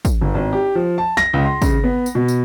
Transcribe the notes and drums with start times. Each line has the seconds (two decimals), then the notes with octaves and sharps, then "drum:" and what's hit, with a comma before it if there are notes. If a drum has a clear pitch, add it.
0.05 drum: kick, tambourine
0.21 G1
0.35 G#1
0.53 G4
0.75 F3
0.98 A5
1.17 A#6, drum: snare
1.33 C#2
1.45 C6
1.62 C#3, drum: kick, tambourine
1.84 B3
2.06 drum: tambourine
2.15 B2
2.28 drum: tambourine